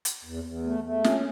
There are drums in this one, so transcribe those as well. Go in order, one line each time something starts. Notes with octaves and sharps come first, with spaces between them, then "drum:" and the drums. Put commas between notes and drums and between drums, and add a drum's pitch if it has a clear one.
drum: hi-hat
E2
E2
A3
A3
C#4, drum: snare